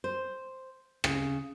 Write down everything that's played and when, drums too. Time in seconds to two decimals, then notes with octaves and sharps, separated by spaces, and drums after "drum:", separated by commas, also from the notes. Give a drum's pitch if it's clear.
0.04 C5
1.04 C#3, drum: rim click